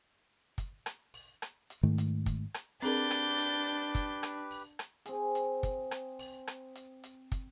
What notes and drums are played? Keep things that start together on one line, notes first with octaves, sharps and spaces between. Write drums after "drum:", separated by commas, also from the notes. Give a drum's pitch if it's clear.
drum: kick, hi-hat
drum: rim click
drum: open hi-hat
drum: rim click
drum: hi-hat
G#2 D#3 A3
drum: hi-hat
drum: kick, hi-hat
drum: rim click
C4 D4 G4 G#4 A#4 B4 G6 A6, drum: open hi-hat
drum: rim click
drum: hi-hat
drum: kick, hi-hat
drum: rim click
drum: open hi-hat
drum: rim click
C4 G#4, drum: hi-hat
drum: hi-hat
drum: kick, hi-hat
drum: rim click
drum: open hi-hat
drum: rim click
drum: hi-hat
drum: hi-hat
drum: kick, hi-hat